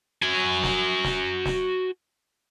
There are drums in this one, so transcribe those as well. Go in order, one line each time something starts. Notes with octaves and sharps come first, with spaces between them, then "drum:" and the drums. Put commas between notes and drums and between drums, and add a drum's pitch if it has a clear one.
F#4 G#5
drum: snare
drum: snare
drum: snare